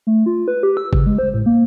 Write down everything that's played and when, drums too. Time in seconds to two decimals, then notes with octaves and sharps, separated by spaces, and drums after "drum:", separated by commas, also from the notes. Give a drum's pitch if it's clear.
0.07 A3
0.26 F4
0.48 B4
0.63 G4
0.77 E6
0.93 C#3, drum: kick G#1
1.06 G#3
1.18 C5
1.34 A2
1.46 A#3